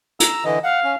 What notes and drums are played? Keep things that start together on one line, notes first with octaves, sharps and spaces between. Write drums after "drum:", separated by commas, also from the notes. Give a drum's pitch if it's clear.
A#5 E6, drum: hi-hat
D3 E3 D#5
F5 F#5
C#4